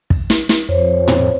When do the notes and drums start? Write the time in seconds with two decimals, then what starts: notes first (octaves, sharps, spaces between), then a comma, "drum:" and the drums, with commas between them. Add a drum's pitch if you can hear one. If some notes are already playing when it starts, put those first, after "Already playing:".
0.10 drum: kick
0.30 drum: snare
0.49 drum: snare
0.69 F2 C5 C#5
1.08 drum: tom A2